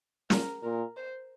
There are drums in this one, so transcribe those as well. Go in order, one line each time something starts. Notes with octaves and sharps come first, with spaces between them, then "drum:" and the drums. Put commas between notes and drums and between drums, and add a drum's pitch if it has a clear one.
A#2 A#4, drum: snare
A#2 A#4
C5